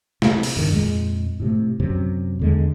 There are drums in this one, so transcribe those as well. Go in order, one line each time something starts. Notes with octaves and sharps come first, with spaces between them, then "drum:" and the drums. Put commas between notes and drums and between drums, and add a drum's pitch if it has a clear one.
C3, drum: snare
drum: open hi-hat
G2 D#3
F2 A#2 G#3
A2 C3 A3
F#2 C3 F#3
E2 D3 G#3